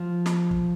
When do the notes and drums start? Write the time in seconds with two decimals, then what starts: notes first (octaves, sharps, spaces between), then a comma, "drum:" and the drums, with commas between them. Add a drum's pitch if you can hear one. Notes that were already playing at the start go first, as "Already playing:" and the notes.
Already playing: F3
0.26 drum: snare
0.51 drum: kick